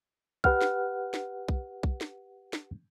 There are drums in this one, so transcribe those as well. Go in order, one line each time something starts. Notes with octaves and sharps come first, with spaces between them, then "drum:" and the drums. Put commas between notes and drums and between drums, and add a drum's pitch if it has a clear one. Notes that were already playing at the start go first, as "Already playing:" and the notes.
G4 B4 F#5 F6, drum: kick B1
drum: snare
drum: snare
drum: kick B1
drum: kick B1
drum: snare
drum: snare